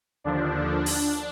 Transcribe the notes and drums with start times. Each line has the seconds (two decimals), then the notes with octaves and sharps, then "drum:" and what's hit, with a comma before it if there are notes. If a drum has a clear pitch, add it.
0.24 D#2 D3 F3 D4
0.86 drum: open hi-hat